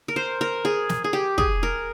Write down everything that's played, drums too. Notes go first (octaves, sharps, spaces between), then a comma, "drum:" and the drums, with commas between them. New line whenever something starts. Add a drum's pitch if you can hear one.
A#4
C5
A#4
G#4
drum: snare
G#4
G4
G#4, drum: kick
A#4